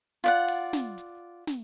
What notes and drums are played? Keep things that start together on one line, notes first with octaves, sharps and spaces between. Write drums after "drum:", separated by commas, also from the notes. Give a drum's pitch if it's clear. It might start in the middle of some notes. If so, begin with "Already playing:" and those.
F4 D5 F#5
drum: open hi-hat
drum: snare
drum: hi-hat
drum: snare